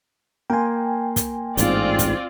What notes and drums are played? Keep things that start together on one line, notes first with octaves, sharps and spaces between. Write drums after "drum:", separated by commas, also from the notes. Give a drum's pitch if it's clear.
A#3 G5 G#5 C6
drum: kick, hi-hat
A1 G#2 C4 F4 D5, drum: hi-hat
drum: kick, hi-hat